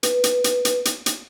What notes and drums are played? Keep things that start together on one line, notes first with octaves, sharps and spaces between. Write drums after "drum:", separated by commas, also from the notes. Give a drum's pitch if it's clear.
B4, drum: hi-hat
drum: hi-hat
drum: hi-hat
drum: hi-hat
drum: hi-hat
drum: hi-hat